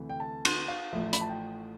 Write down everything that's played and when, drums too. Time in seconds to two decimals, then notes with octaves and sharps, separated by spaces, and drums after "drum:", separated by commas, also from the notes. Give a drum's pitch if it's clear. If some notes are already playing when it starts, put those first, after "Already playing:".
Already playing: D2 C3 E3 A3
0.09 G5
0.20 A5
0.45 C6, drum: cymbal
0.68 F5
0.92 A1 A2 F3 E5
1.13 B5, drum: hi-hat
1.21 A5
1.29 G5